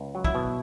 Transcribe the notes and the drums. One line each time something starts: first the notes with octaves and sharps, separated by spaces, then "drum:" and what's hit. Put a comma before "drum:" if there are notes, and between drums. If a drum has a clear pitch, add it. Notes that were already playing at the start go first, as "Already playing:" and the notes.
Already playing: C#2
F#3
E4, drum: kick
B2